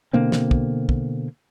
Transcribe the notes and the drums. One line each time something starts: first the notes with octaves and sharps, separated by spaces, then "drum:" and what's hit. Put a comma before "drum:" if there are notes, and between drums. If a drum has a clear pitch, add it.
B2 D3 A#3 C4
drum: snare
drum: kick
drum: kick